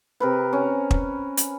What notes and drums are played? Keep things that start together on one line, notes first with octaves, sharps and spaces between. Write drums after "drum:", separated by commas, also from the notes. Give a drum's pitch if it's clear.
C3 A#4 B4
C#4
drum: kick
drum: hi-hat